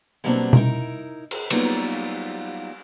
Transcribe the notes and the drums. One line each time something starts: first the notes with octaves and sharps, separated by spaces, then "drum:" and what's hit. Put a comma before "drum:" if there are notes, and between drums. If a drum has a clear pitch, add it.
B2 F#3 G3 A#3 C4 D4
D#4 E4 A#4, drum: tom B2
drum: cymbal
F#3 G3 A#3 B3 D#4 F4, drum: cymbal